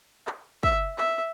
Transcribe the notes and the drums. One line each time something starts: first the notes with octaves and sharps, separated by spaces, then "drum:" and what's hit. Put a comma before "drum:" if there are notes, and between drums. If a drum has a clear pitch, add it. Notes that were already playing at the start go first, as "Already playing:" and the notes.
drum: clap
E5, drum: kick
E5, drum: clap